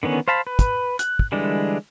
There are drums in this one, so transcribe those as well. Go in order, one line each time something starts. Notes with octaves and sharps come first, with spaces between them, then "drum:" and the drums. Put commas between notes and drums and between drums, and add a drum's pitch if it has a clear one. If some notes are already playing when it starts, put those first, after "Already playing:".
D3 D#3 B3 C#4
C5 F5 A5 B5
B4
drum: kick, hi-hat
F#6, drum: hi-hat
drum: kick
D3 E3 G3 G#3 D4